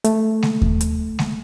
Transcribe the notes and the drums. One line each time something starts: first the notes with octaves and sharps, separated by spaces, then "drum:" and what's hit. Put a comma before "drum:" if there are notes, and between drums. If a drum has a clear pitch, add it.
A3, drum: hi-hat
drum: snare G#3
drum: kick D#2
drum: hi-hat
drum: snare G#3